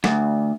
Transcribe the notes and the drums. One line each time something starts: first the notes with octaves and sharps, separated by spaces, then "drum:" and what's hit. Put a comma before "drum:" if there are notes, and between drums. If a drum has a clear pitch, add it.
D2, drum: snare